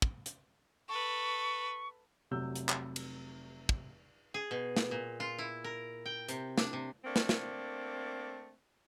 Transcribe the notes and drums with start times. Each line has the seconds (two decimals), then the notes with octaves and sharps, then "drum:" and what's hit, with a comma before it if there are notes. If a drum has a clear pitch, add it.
0.02 drum: kick
0.26 drum: hi-hat
0.89 A4 B4 C#6
2.31 F1 C3 F#3 E6 G6
2.55 drum: hi-hat
2.69 drum: clap
2.96 drum: cymbal
3.69 drum: kick
4.34 G#4
4.51 B2
4.77 drum: snare
4.91 A#2
5.20 F4
5.39 E4
5.64 A#4
6.06 G5
6.28 C3, drum: hi-hat
6.58 D4, drum: snare
6.73 C3
7.05 A3 A#3 C4 D4
7.16 drum: snare
7.29 drum: snare